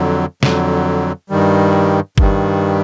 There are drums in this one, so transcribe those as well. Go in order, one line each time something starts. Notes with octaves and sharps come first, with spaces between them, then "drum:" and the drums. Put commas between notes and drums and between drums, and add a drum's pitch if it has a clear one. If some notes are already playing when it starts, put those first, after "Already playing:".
Already playing: F2 D3 F#3
F2 D3 F#3, drum: snare
G2 D#3 G3
G2 D#3 G3, drum: kick G1